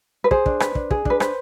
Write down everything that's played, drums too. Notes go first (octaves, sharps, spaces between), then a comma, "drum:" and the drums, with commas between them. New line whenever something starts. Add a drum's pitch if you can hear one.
B4
G#4 C5, drum: kick
D4, drum: kick
B4, drum: rim click
D4, drum: kick
G#4, drum: kick
D4 B4, drum: kick
B4 C5, drum: rim click